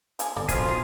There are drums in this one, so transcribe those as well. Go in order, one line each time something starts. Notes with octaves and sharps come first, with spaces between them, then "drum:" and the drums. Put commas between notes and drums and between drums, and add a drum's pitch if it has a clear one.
F3 A#3 G#4, drum: hi-hat
G1 A3 C4 D5
A#1 B2 F3 F4 G#4, drum: kick C#1, hi-hat
D#4